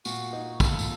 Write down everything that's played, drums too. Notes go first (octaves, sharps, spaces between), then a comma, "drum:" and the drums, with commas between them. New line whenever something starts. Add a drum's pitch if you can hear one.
A#2 F#4, drum: tambourine
D#4
A#2 A4, drum: kick, tambourine
drum: tambourine